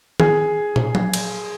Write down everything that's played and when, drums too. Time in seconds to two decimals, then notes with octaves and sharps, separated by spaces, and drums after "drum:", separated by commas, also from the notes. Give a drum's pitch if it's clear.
0.20 G#4, drum: tom
0.76 drum: tom
0.95 drum: tom F#3
1.14 drum: cymbal